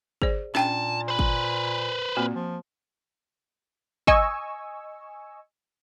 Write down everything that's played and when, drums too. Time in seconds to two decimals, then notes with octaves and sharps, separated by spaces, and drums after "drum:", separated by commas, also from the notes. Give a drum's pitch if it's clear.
0.22 G#4 C5 D5, drum: kick
0.55 A#2 C#4 D4 G5 A5, drum: snare
1.08 B4 C5
1.19 drum: kick
2.16 A#2 A#3 C4 F#4
2.35 F3
4.07 D#5 G#5 C#6 E6, drum: kick